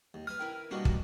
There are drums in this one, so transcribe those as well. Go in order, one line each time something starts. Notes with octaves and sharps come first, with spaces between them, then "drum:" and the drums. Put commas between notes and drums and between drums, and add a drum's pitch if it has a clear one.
D#2
B4 G#5 D#6 F6
E4 A#4 G5
B2 G3 A#3 D4 F#4 D#5
drum: kick